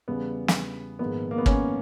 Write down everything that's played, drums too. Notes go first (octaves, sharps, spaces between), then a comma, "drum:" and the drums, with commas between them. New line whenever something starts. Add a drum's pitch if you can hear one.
E2 C#3 G3 B3
drum: snare
A#1 G#2 D#3 G#3 B3
A#3
B3
C#4, drum: kick